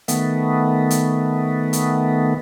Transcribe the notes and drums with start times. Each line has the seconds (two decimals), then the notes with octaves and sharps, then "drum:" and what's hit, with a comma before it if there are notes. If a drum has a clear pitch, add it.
0.08 D#3 A3 B3, drum: hi-hat
0.90 drum: hi-hat
1.73 drum: hi-hat